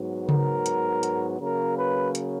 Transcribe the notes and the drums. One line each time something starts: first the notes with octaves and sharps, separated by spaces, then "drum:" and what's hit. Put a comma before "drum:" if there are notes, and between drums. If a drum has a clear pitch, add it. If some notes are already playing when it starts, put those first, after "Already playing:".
Already playing: G#2 F#3 B3
A#4, drum: tom C#3
drum: hi-hat
drum: hi-hat
C#3 F#3 A#3 A#4
B4
drum: hi-hat